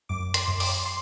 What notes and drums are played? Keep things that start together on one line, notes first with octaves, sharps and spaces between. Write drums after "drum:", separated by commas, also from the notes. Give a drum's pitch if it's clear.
F#2 D6
C6, drum: hi-hat
F#2
D6, drum: open hi-hat
C6